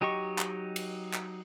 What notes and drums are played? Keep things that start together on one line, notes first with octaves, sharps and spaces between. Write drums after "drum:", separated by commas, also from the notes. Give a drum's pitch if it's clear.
F#3 D#4 G4 D#5 C#6
drum: clap
drum: cymbal
drum: clap